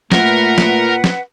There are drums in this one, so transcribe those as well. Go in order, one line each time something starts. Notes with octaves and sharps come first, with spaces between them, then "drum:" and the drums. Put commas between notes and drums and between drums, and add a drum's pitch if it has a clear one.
A#2 A3 A#4 B4 F#5, drum: snare
drum: snare
drum: snare